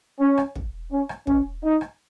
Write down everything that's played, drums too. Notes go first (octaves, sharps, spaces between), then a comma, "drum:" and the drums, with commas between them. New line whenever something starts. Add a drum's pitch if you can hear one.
C#4
drum: rim click
drum: kick
C#4
drum: rim click
C#4, drum: kick
D#4
drum: rim click